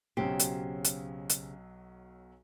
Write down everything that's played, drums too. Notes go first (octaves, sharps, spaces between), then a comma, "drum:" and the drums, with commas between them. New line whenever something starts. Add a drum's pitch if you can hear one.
B1 C#3 F#3 C4 G4 C7
drum: hi-hat
drum: hi-hat
drum: hi-hat